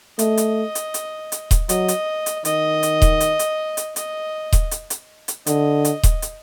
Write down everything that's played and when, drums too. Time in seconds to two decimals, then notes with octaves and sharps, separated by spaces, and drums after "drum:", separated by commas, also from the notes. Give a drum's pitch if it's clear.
0.19 A3 D#5, drum: hi-hat
0.37 drum: hi-hat
0.75 drum: hi-hat
0.94 drum: hi-hat
1.32 drum: hi-hat
1.51 drum: kick D#1, hi-hat
1.69 F#3 D#5, drum: hi-hat
1.88 drum: hi-hat
2.26 drum: hi-hat
2.45 D#3 D#5, drum: hi-hat
2.83 drum: hi-hat
3.02 drum: kick D#1, hi-hat
3.20 drum: hi-hat
3.39 drum: hi-hat
3.77 drum: hi-hat
3.96 D#5, drum: hi-hat
4.53 drum: kick D#1, hi-hat
4.71 drum: hi-hat
4.90 drum: hi-hat
5.28 drum: hi-hat
5.47 D3 D#5, drum: hi-hat
5.85 drum: hi-hat
6.03 drum: kick D#1, hi-hat
6.22 drum: hi-hat